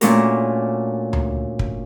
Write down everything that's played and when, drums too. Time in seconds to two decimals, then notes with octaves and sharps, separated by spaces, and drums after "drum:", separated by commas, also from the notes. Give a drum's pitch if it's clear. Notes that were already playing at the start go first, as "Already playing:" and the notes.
0.01 A#2 A3 C#4 D4 F#4 A#4, drum: hi-hat
1.13 drum: tom D2
1.59 drum: kick